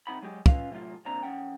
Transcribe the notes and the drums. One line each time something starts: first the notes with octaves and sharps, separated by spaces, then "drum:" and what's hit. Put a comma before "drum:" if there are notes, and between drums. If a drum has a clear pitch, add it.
C2 C4 D#4 F#5 B5
F#3 G#3 G4
C#4 F4 B4 F5, drum: kick
C3 F#3 A3 F4
C2 A#2 C4 D4 A#5
F2 C#4 F#5 G5